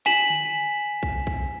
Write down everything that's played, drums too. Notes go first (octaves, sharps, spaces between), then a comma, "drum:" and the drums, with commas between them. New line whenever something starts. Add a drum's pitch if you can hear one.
G#5 B6 E7 F#7, drum: snare
drum: tom D3
drum: kick
drum: kick